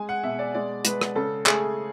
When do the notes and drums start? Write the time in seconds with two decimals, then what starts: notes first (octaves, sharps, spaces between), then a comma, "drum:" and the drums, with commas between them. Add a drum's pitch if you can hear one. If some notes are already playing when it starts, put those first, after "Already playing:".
Already playing: G#3 G#5
0.09 F#5
0.23 B2 E5
0.39 D5
0.54 G#3 D5
0.85 G#3 B4, drum: hi-hat
1.01 drum: rim click
1.15 C#3 A4
1.46 A3 G#4, drum: clap